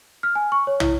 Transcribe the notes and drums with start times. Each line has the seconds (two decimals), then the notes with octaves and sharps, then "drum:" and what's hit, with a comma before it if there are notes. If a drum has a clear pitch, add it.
0.23 F6
0.35 G#5
0.52 C#6
0.67 C#5
0.80 E4, drum: tom